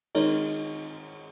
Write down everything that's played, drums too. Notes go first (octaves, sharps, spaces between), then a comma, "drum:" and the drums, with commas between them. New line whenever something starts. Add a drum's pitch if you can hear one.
D#3 G#3 D#4 A#4 C#5, drum: cymbal